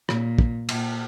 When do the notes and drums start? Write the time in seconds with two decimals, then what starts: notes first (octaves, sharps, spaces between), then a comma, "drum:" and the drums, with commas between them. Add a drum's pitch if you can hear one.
0.09 A#2, drum: rim click
0.38 drum: kick
0.69 A#2, drum: cymbal